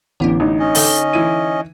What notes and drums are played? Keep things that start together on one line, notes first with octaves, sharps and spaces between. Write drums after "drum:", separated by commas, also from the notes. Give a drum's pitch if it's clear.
A1 D3 B3 D4
A1 D#4
C#4 D#5
D3 A4 G6, drum: open hi-hat
E3 E4 D#7